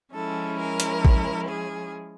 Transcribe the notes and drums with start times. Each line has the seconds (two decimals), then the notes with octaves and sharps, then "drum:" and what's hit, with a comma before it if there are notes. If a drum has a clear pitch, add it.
0.12 F3 G#3 C#4 E4 A4
0.58 A#4
0.80 drum: hi-hat
1.05 drum: kick A1
1.48 G#4